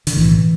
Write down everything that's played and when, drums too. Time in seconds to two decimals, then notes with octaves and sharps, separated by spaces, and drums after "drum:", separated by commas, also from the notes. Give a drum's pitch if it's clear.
0.07 D3, drum: open hi-hat
0.16 B1 A2 E3